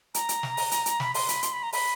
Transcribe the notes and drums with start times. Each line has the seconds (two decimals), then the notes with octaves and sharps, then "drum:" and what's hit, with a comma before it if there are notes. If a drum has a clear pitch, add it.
0.14 A#5, drum: hi-hat
0.29 drum: hi-hat
0.43 drum: snare
0.57 drum: open hi-hat
0.71 drum: hi-hat
0.86 drum: hi-hat
1.00 B5, drum: snare
1.14 C6, drum: open hi-hat
1.29 B5, drum: hi-hat
1.43 C6, drum: hi-hat
1.53 B5
1.63 A#5
1.73 B5, drum: open hi-hat